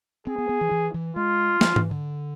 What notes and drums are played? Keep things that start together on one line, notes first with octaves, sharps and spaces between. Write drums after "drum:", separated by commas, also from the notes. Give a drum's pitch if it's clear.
C4 G#4
B3
B3
E3
E3
E3
G#3 F4
F3, drum: snare
E3, drum: tom G#2
D3